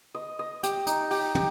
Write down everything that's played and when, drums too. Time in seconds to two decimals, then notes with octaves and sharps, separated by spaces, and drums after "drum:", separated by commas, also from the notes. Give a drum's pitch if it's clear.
0.15 D#5
0.39 D#5
0.63 G4, drum: hi-hat
0.87 D#4, drum: hi-hat
1.11 G4, drum: open hi-hat
1.35 G4, drum: tom